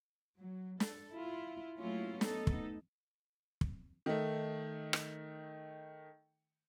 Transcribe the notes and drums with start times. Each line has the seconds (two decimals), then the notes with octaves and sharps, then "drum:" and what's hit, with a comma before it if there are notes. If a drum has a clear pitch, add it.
0.36 F#3
0.80 A4, drum: snare
1.14 E4 F4
1.79 F#3 A3 A#3 C#4 E4 F4
2.21 A3 B3 D#4 A4, drum: snare
2.47 drum: kick
3.61 drum: kick
4.06 D#3 A3
4.93 drum: rim click